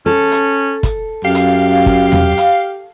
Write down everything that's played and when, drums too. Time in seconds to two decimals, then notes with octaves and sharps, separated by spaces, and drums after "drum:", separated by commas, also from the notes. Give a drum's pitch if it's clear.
0.06 C#4 A4
0.32 drum: hi-hat
0.83 drum: kick, hi-hat
1.25 F#2 G4 F5
1.35 drum: hi-hat
1.86 drum: kick
2.12 drum: tom E2
2.38 drum: hi-hat